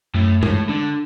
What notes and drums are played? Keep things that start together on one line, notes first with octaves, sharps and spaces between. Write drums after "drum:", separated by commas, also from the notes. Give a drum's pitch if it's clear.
F#2 A2
A2 G#3, drum: tom G2
D3 D4